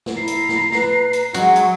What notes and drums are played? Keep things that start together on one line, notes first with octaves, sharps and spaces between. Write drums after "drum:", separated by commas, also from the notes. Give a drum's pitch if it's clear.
drum: snare
E4 A#5 C7
drum: hi-hat
drum: snare
B4, drum: snare
drum: hi-hat
F#3 G#3 F#4, drum: hi-hat
drum: hi-hat